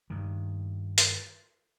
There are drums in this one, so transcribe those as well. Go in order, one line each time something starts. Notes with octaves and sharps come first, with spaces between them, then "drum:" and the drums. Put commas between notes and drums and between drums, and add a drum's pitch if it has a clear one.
G2 D#3
drum: hi-hat